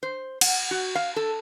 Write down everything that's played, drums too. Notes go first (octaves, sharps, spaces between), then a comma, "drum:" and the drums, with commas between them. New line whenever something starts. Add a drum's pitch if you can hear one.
C5
F#5, drum: cymbal
F#4
F5
A4